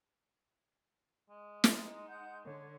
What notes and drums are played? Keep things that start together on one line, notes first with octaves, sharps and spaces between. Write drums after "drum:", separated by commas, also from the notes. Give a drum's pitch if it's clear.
G#3
D#4, drum: snare
F#5 G6
D3 C#5